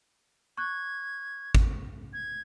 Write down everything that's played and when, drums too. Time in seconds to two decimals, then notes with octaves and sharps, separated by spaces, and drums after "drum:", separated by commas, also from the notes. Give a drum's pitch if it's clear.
0.58 C#6 F#6 G#6
1.55 drum: kick G#1
2.13 G#6